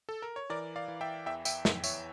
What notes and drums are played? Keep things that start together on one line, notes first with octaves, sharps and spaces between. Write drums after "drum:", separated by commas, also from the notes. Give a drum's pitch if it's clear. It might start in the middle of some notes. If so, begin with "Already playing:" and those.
A4
A#4
C#5
E3 A#4 D5
D5 F5
E3
E5 G5
E2 E5 G5
E5 G5, drum: tambourine
E2, drum: snare
C#5 E5, drum: tambourine